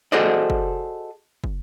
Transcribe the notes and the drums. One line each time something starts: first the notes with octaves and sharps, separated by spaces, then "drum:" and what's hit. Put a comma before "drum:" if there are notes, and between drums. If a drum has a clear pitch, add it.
F#4 G#4 A4 C5 D5 D#5
drum: kick
drum: kick